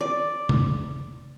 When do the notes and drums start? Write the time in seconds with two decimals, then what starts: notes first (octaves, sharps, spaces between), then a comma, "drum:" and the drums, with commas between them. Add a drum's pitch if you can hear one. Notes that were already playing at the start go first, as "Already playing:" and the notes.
0.01 D5
0.49 drum: tom